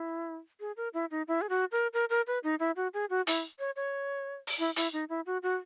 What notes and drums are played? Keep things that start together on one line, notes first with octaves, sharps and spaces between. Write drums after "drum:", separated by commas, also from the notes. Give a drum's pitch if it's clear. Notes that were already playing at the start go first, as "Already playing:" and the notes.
Already playing: E4
G#4
A#4
E4
D#4
E4
G#4
F#4
A#4
A#4
A#4
B4
D#4
E4
F#4
G#4
F#4
E4, drum: hi-hat
C#5
C#5
drum: open hi-hat
E4
E4, drum: hi-hat
D#4
E4
F#4
F#4